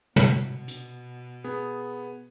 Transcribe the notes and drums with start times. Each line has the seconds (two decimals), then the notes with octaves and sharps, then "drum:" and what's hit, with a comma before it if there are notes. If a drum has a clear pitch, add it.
0.16 B2, drum: tom
0.68 drum: hi-hat
1.44 B3 G#4